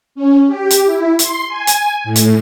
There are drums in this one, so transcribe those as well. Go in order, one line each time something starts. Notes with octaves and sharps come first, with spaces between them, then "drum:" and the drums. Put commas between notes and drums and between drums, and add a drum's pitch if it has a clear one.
C#4
G4
drum: hi-hat
E4
C6, drum: hi-hat
G#5
drum: hi-hat
A2
drum: hi-hat